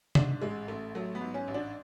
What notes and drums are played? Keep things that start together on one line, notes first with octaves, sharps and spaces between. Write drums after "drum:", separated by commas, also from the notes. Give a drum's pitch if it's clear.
G#2 D4, drum: tom C3
A1 G#3
A1 A3
F#3 A3
B3
G#2
C#4
A1
D4